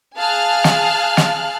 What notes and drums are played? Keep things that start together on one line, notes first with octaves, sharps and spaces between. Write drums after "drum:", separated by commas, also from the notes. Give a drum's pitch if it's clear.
G#4 F5 G#5 A5 F6 F#6
drum: snare
drum: snare